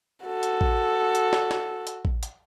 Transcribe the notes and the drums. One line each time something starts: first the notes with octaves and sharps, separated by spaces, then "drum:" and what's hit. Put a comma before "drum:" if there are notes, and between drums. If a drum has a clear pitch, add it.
F#4 A4
drum: hi-hat
drum: kick A1
drum: hi-hat
drum: snare
drum: snare
drum: hi-hat
drum: kick A1
drum: hi-hat